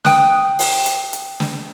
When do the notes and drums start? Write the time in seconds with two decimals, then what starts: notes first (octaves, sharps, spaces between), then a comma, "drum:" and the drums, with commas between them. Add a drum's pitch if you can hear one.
0.05 G5 D#6 F#6, drum: snare
0.59 drum: open hi-hat
0.86 drum: hi-hat
1.13 drum: hi-hat
1.40 drum: snare